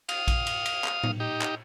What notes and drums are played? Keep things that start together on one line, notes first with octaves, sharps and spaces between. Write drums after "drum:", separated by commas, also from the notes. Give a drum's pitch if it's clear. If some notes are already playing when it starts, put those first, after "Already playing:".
F5 D#6, drum: cymbal
drum: kick A#1, cymbal
drum: cymbal
drum: cymbal
drum: clap
drum: tom A2
D#4 G4
drum: clap